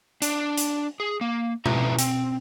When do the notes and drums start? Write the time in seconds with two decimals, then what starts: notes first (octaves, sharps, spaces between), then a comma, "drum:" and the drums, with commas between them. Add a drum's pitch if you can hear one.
0.22 D4, drum: hi-hat
0.57 drum: hi-hat
1.00 G#4
1.21 A#3
1.66 F2 B2 E4 B4 E5 A#5, drum: tom B2
1.98 C4, drum: hi-hat